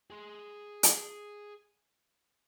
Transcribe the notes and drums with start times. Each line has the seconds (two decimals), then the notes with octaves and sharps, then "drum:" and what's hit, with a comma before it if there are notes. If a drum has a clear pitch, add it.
0.10 G#4 C6
0.83 drum: hi-hat